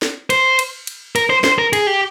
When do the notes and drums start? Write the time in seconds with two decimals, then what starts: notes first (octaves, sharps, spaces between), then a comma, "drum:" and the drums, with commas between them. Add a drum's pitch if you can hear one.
0.02 drum: snare
0.30 C5, drum: cymbal
0.59 drum: cymbal
0.87 drum: cymbal
1.16 A#4, drum: cymbal
1.30 C5
1.44 C5, drum: snare
1.58 A#4
1.73 G#4, drum: cymbal
1.87 G4